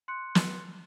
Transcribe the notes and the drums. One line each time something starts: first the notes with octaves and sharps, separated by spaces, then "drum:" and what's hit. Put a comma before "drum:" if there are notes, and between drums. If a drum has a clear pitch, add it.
C6 F#6 C#7
drum: snare